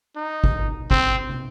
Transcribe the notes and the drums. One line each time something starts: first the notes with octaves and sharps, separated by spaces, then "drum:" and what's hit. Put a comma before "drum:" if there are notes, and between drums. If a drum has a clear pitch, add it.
D#4
drum: kick
C4, drum: kick
drum: tom